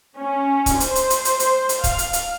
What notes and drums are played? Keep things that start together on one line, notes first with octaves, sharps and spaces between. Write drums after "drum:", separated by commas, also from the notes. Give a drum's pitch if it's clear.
C#4
drum: kick, hi-hat
C5, drum: hi-hat
drum: hi-hat
drum: hi-hat
drum: hi-hat
drum: hi-hat
drum: hi-hat
F5, drum: kick, hi-hat
drum: hi-hat
drum: hi-hat